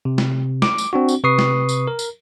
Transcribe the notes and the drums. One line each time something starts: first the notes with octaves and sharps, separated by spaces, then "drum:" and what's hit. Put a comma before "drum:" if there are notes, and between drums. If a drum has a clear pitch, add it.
C3
drum: snare A3
D6, drum: snare A3
drum: tambourine
C4 D4 F#4
drum: tambourine
C3 B4 C#6 D#6 C7
drum: snare A3
drum: tambourine
A#4
drum: tambourine